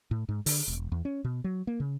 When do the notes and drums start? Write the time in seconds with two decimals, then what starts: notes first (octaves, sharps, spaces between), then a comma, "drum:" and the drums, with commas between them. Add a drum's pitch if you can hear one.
0.11 A2
0.29 G#2
0.46 D3, drum: open hi-hat
0.68 E1
0.92 E2
1.05 C#4
1.24 B2
1.44 F#3
1.67 A#3
1.80 C#3